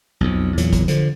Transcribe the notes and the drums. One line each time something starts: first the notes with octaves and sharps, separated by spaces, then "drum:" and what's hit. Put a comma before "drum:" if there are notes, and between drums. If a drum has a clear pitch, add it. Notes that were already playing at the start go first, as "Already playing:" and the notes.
B1 F2
E2 A#2 F#3, drum: hi-hat
drum: kick, hi-hat
D3 F3, drum: hi-hat